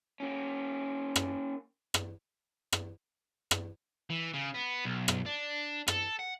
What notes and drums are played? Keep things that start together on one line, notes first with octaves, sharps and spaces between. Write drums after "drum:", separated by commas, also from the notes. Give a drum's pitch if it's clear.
A#3 C#4
drum: rim click
drum: rim click
drum: rim click
drum: rim click
E3
C#3
B3
B1
drum: rim click
D4
A4, drum: rim click
F#5